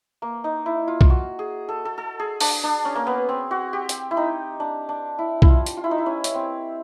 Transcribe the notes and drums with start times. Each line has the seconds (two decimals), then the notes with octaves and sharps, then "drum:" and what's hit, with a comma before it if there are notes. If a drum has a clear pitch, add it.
0.22 A#3
0.44 D#4
0.66 E4
0.88 F4
1.01 F4, drum: kick B1
1.10 F#4
1.39 G#4
1.69 A4
1.85 A4
1.98 A4
2.19 G#4
2.41 D4, drum: open hi-hat
2.63 D4
2.85 C#4
2.95 A#3
3.07 B3
3.29 C4
3.51 F#4
3.73 G4
3.89 drum: hi-hat
4.11 E4
4.17 D#4
4.60 D4
4.89 D4
5.19 E4
5.42 E4, drum: kick B1
5.48 F4
5.66 drum: hi-hat
5.77 F4
5.84 E4
5.91 D#4
5.98 E4
6.06 C#4
6.24 C#4, drum: hi-hat
6.35 C4